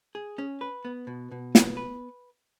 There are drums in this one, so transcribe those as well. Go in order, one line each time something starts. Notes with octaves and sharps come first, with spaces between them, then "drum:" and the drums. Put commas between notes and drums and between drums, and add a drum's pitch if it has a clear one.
G#4
C#4
B4
B3
B2
B2
B3, drum: snare
B4